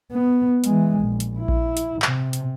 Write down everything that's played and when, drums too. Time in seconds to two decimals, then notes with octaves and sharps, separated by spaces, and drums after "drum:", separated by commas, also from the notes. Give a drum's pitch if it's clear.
0.12 B3
0.64 E3 G#3, drum: hi-hat
1.00 A#1
1.20 drum: hi-hat
1.39 E4
1.48 drum: kick A#1
1.77 drum: hi-hat
2.02 C3, drum: clap
2.33 drum: hi-hat